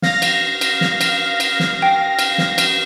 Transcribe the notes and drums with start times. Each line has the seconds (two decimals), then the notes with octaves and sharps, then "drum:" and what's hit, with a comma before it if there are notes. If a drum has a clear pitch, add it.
0.02 F5 A#6, drum: snare
0.22 drum: cymbal
0.61 drum: cymbal
0.81 drum: snare
1.01 drum: cymbal
1.40 drum: cymbal
1.60 drum: snare
1.82 G5
2.19 drum: cymbal
2.38 drum: snare
2.58 drum: cymbal